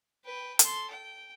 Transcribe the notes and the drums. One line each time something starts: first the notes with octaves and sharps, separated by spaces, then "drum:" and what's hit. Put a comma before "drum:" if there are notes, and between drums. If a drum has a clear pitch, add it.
B4 G5
A4 C6, drum: hi-hat
G5